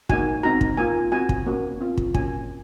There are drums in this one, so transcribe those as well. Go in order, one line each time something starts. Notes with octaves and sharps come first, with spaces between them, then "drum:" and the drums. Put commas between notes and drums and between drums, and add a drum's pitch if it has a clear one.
A#3 D#4 F#4 G#5, drum: kick
C4 D#4 F#4 A#5
drum: kick
A#3 F4 G#5
C4 F#4 G#5
drum: kick
A#3 C#4 F#4
C4 F4
drum: kick
A#3 C#4 F#4 G#5, drum: kick